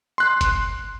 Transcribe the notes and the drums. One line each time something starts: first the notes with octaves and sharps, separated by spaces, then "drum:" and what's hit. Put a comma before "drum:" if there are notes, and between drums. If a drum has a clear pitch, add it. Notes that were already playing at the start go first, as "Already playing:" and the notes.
C6 F#6
drum: kick G1, hi-hat